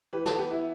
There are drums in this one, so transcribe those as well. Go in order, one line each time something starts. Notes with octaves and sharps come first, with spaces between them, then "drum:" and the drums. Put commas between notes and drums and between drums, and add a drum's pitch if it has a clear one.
E3 G4 B4
F#4 A4, drum: snare
B3 G4 B4
E4